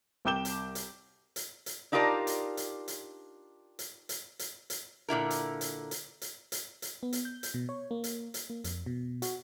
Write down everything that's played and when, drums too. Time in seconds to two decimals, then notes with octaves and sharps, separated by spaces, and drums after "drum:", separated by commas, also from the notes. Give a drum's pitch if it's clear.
0.25 C2 G5 D6 G6 E7 G7
0.45 drum: hi-hat
0.75 drum: hi-hat
1.36 drum: hi-hat
1.66 drum: hi-hat
1.92 D4 D#4 F4 G4 A#4 D5
2.27 drum: hi-hat
2.57 drum: hi-hat
2.88 drum: hi-hat
3.79 drum: hi-hat
4.09 drum: hi-hat
4.39 drum: hi-hat
4.70 drum: hi-hat
5.08 A#2 D3 E4 A#4
5.30 drum: hi-hat
5.61 drum: hi-hat
5.91 drum: hi-hat
6.22 drum: hi-hat
6.52 drum: hi-hat
6.82 drum: hi-hat
7.03 B3
7.13 drum: hi-hat
7.25 G6
7.43 drum: hi-hat
7.54 B2
7.69 C#5
7.91 A#3
8.04 drum: hi-hat
8.34 drum: hi-hat
8.50 A#3
8.64 F2, drum: hi-hat
8.86 B2
9.22 F#4, drum: hi-hat